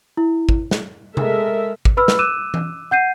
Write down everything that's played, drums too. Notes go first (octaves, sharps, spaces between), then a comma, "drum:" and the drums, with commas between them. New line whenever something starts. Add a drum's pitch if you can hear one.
E4
drum: kick
drum: snare
G#3 A4 A#4 E5, drum: tom C3
drum: kick
B4 B5 E6 F6
drum: snare
D6 E6 F#6 D#7 E7
drum: tom E3
F#5 G6 C7 D#7